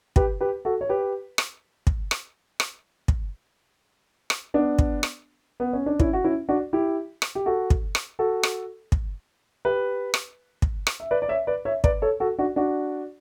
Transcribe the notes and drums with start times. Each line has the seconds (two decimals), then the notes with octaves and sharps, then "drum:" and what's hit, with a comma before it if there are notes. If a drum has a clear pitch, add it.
0.16 G4 B4, drum: kick
0.41 G4 B4
0.65 F#4 A4
0.81 C#5
0.89 G4 B4
1.38 drum: rim click
1.87 drum: kick
2.11 drum: rim click
2.60 drum: rim click
3.08 drum: kick
4.30 drum: rim click
4.54 B3 D4
4.79 drum: kick
5.03 drum: rim click
5.60 B3
5.73 C#4
5.86 D4
6.00 C#4 E4, drum: kick
6.13 F#4
6.24 C#4 E4
6.49 D4 F#4
6.73 E4 G4
7.22 drum: rim click
7.35 G4
7.46 F#4 A4
7.70 drum: kick
7.95 drum: rim click
8.19 F#4 A4
8.43 drum: rim click
8.92 drum: kick
9.65 G4 B4
10.14 drum: rim click
10.62 drum: kick
10.87 drum: rim click
11.00 E5
11.11 B4 D5
11.22 D5
11.29 C#5 E5
11.47 B4 D5
11.65 C#5 E5
11.84 B4 D5, drum: kick
12.02 A4 C#5
12.20 F#4 A4
12.39 D4 F#4
12.56 D4 F#4